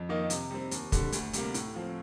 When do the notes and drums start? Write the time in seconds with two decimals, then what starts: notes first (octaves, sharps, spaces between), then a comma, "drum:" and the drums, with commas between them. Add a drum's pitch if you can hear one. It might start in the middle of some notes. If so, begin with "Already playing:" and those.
Already playing: F2
0.09 D#3 A#3 D#4
0.30 C3, drum: hi-hat
0.51 G3 C4
0.71 D#2, drum: hi-hat
0.92 D3 G3, drum: kick, hi-hat
1.12 D2, drum: hi-hat
1.33 C3 G3 A#3, drum: hi-hat
1.54 A2, drum: hi-hat
1.75 F3 C4 F4